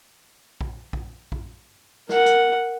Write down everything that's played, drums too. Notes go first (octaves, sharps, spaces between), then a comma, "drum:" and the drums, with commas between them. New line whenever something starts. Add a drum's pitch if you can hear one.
drum: kick A#1
drum: kick A#1
drum: kick A#1
A#4 F#5, drum: snare
drum: hi-hat